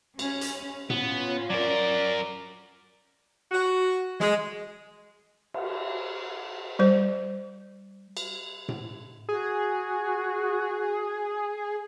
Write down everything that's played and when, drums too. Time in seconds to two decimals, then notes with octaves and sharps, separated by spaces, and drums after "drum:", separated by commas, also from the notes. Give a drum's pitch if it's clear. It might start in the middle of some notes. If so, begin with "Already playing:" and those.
0.19 C#4, drum: cymbal
0.41 drum: hi-hat
0.90 B3 C#4 F4, drum: tom A2
1.50 F#3 A#4 D5
3.52 F#4
4.20 G#3, drum: snare
5.54 drum: cymbal
6.79 G3 C5
8.17 drum: cymbal
8.69 drum: tom A2
9.29 F#4 G#4